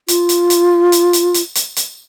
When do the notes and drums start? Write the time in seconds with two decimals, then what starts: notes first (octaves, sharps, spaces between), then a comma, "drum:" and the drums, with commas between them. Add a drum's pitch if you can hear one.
0.08 F4, drum: hi-hat
0.29 drum: hi-hat
0.50 drum: hi-hat
0.92 drum: hi-hat
1.13 drum: hi-hat
1.34 drum: hi-hat
1.55 drum: hi-hat
1.77 drum: hi-hat